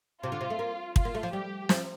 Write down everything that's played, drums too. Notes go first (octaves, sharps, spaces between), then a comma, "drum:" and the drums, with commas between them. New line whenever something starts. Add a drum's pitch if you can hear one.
C3 F4
D3
C3
A3
A#3
F4, drum: kick
A#3
A3
F3
G3 G4
F3, drum: snare